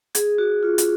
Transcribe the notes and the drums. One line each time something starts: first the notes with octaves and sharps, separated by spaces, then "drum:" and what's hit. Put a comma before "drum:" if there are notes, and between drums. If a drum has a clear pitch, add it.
G#4, drum: hi-hat
F#4
F4
drum: hi-hat